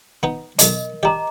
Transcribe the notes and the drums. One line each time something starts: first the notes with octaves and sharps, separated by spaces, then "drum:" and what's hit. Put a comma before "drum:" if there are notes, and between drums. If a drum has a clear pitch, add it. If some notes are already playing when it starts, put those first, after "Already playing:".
B3 D#4
B1 D4 A#4 D#5, drum: hi-hat
D4 G4 D#5 A#5 D6